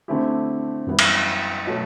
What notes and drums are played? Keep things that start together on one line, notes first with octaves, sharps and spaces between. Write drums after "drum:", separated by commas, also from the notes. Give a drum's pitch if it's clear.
D3 A3 C4 E4 G4
F#2 E3 G3 B3 E4
drum: cymbal
B2 F#3 A3